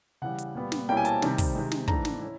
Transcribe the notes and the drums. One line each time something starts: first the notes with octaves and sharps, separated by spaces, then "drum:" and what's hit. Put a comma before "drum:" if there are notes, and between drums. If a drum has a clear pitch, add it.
C#3 E3 G3 F#5
drum: hi-hat
A#2 G3 B3
drum: snare
B2 G3 A#3 C#4 E4 G5
G#5
A5, drum: hi-hat
C3 D#3 G3, drum: snare
drum: kick, open hi-hat
C3 D#3 G#3
drum: snare
G#2 E3 A3 D4 A#5, drum: kick
drum: snare
C#4 E4